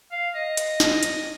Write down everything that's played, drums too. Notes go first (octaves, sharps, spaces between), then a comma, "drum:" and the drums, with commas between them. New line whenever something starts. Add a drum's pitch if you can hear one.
F5
D#5
drum: hi-hat
drum: snare
drum: hi-hat